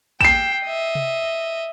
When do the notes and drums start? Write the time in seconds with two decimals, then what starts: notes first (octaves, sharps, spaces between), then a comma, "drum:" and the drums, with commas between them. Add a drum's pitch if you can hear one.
0.21 G5 C7 E7, drum: kick
0.64 D#5 E5
0.95 drum: tom C3